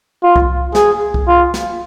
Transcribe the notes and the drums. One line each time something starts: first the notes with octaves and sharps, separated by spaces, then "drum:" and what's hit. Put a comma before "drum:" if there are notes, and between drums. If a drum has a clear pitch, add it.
F4
drum: kick C2
G#4, drum: snare
drum: kick C2
F4
drum: snare